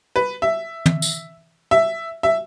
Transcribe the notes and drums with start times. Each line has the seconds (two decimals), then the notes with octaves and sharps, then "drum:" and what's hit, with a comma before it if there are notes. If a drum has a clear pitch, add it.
0.16 B4
0.42 E5
0.86 drum: tom
1.02 drum: tambourine
1.71 E5
2.23 E5